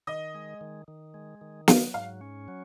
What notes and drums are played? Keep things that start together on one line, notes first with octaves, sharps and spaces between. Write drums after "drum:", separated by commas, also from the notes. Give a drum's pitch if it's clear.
D#3 D#5
G#3
D#3
D#3
G#3
D#3
F#3 F5, drum: snare
G#2 F5
C#4
F#3